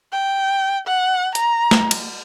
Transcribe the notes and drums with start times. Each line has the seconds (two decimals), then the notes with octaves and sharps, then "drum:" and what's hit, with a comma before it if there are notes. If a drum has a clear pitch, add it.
0.12 G5
0.87 F#5
1.35 A#5, drum: hi-hat
1.71 drum: snare
1.91 drum: cymbal